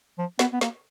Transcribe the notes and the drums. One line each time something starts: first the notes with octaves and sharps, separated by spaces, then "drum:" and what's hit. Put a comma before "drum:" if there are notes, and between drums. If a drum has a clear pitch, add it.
F3
B3, drum: snare
B3
A#3, drum: snare